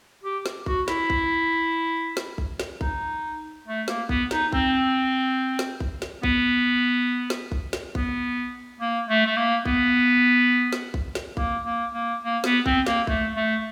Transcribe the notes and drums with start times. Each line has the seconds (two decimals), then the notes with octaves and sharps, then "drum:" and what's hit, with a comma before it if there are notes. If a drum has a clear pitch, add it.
0.24 G4
0.46 drum: snare
0.66 F#4, drum: kick A#1
0.88 E4, drum: snare
1.10 drum: kick A#1
2.17 drum: snare
2.38 drum: kick A#1
2.60 drum: snare
2.81 D#4, drum: kick A#1
3.67 A3
3.88 A#3, drum: snare
4.09 B3, drum: kick A#1
4.31 D#4, drum: snare
4.52 C4, drum: kick A#1
5.59 drum: snare
5.80 drum: kick A#1
6.02 drum: snare
6.23 B3, drum: kick A#1
7.30 drum: snare
7.52 drum: kick A#1
7.73 drum: snare
7.95 B3, drum: kick A#1
8.80 A#3
9.09 A3
9.26 A3
9.37 A#3
9.66 B3, drum: kick A#1
10.73 drum: snare
10.94 drum: kick A#1
11.15 drum: snare
11.37 A#3, drum: kick A#1
11.65 A#3
11.94 A#3
12.23 A#3
12.44 B3, drum: snare
12.66 C4, drum: kick A#1
12.87 A#3, drum: snare
13.07 A3, drum: kick A#1
13.36 A3